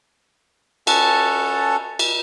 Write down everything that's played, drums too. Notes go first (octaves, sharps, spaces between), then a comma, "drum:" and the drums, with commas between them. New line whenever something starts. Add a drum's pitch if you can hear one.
C#4 A4 F#5 A5, drum: cymbal
drum: cymbal